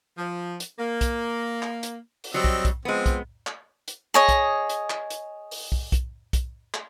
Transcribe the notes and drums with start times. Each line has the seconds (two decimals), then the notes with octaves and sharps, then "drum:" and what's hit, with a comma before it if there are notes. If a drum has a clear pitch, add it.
0.17 F3
0.60 drum: hi-hat
0.79 A#3
1.01 drum: kick, hi-hat
1.62 drum: clap
1.83 drum: hi-hat
2.24 drum: open hi-hat
2.34 F#3 G3 C4 D#5 E6
2.44 drum: kick
2.65 drum: kick, hi-hat
2.85 F3 G#3 B3 C4
3.06 drum: kick, hi-hat
3.47 drum: clap
3.88 drum: hi-hat
4.14 G#4 C#5 D#5
4.29 drum: kick, hi-hat
4.70 drum: hi-hat
4.90 drum: clap
5.10 drum: hi-hat
5.51 drum: open hi-hat
5.72 drum: kick
5.92 drum: kick, hi-hat
6.33 drum: kick, hi-hat
6.74 drum: clap